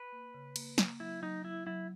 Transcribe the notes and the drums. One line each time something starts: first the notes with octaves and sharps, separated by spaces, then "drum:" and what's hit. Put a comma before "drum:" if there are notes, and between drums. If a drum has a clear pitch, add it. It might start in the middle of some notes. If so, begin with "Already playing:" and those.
Already playing: B4
A#3
C#3
A#3, drum: cymbal
A#3, drum: snare
F#3 E4
F#3 D#4
F#3 E4
F#3 E4